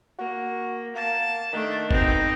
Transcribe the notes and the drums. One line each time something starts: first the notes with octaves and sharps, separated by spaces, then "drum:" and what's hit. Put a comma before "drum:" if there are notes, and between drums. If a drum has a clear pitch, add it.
A#3 F#4
A#3 A5
D#3 A3 D4
B2 C4 D#4, drum: kick